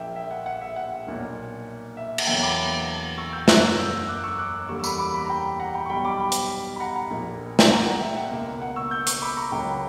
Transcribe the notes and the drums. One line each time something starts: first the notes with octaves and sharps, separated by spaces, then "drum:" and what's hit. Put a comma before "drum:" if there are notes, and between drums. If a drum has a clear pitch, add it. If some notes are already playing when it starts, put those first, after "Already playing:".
Already playing: A#1 A#2 A#3 E5 G5
E5
F#5
F#5
E5
F#5
B1 A#2 A#3
E5
F#5, drum: cymbal
E2 D3 F#3 A#3 E5 G5
B5 D6
C#6 E6
E6 G6
F#2 D3 A#3 F#6 A#6, drum: snare
E6 G6
D6 F#6
C#6 E6
D6 F#6
E2 D3 G3 A#3 C#6 E6
E6
B5 D6, drum: tambourine
B5 D6
B5 D6
A#5
G5 B5
F#5 A#5
G5 B5
C#6
B1 B2 G3 G5 B5
B5 D6
G5 B5
drum: hi-hat
B5
F#5 A#5
F#5 A#5
A#1 A#2 A#3
drum: snare
F#5 A#5
F#5 A#5
E5 G5
F#5
C#2 B2 A#3
F#5
C#6 E6
E6 G6
C#6 E6, drum: hi-hat
B5 D6
A#5 C#6
C#2 C#3 F#3 A#3 G5 B5